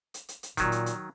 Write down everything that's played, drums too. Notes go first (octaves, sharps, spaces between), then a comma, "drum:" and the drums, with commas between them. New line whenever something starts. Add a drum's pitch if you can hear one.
drum: hi-hat
drum: hi-hat
drum: hi-hat
A#2 D#3 F#3, drum: kick F1, hi-hat
drum: hi-hat
drum: hi-hat